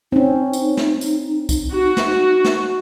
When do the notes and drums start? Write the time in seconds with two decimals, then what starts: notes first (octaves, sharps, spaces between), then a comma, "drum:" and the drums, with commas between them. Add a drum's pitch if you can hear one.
0.12 C4 C#4 D#4
0.53 drum: tambourine
0.77 drum: snare
1.01 drum: tambourine
1.49 drum: kick C2, tambourine
1.73 F#4
1.97 drum: snare
2.44 drum: snare